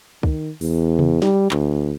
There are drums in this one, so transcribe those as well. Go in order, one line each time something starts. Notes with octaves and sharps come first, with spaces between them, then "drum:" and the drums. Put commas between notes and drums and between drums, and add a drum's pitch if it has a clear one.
D#3, drum: kick C#2
E2, drum: open hi-hat
drum: tom C3
G3, drum: snare
D2, drum: clap